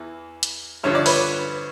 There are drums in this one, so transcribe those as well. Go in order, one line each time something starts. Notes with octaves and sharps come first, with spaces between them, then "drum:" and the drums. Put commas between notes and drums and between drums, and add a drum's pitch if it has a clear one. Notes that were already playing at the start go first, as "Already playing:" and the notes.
Already playing: E2 E3
drum: hi-hat
G2 D3 F3 C#5
D5
B4 C#5, drum: open hi-hat